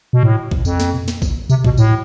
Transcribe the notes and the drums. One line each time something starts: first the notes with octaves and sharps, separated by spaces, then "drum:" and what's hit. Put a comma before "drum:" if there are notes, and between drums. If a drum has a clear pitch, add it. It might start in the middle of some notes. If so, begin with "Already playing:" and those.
B2
A2
drum: kick A1
F2, drum: tambourine
drum: snare
drum: tom A#2
drum: snare
drum: kick A1, tambourine
C3, drum: tambourine
B2, drum: kick A1
A2, drum: tambourine